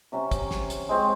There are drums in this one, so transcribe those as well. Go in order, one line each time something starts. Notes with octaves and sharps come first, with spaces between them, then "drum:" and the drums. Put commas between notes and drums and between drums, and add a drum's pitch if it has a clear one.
C3 F#3 C#4
drum: kick, hi-hat
drum: snare
drum: hi-hat
G#3 C4 F#4